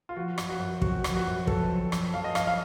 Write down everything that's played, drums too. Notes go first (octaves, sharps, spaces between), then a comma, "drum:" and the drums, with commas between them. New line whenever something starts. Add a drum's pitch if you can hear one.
F4
F3 F#4
F#2, drum: rim click
F#4
F#2
C4 F#4, drum: kick
F3, drum: rim click
F#4
F#2
F#2 A4, drum: kick
C4
F3, drum: rim click
F#2 F5
D#5
F#2 F5, drum: rim click
F5